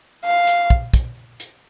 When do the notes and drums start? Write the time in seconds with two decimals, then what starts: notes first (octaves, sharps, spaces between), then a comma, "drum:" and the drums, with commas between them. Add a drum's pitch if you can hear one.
0.25 F5
0.47 drum: hi-hat
0.70 drum: kick
0.94 drum: kick, hi-hat
1.40 drum: hi-hat